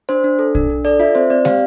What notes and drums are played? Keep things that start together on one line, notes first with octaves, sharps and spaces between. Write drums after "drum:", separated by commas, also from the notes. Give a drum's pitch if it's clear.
D4 C5
D4
A4
D4, drum: kick
D4
A4 D5
F4 E5
C4 C5
C4 D5
G4 F5, drum: snare